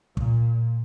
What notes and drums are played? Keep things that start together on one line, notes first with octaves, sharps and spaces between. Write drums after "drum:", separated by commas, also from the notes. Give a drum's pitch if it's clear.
A#2, drum: kick